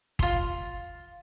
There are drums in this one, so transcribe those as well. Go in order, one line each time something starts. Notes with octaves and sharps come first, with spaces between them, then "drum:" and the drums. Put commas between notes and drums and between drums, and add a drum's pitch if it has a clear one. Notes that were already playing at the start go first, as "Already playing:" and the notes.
F4 C6, drum: kick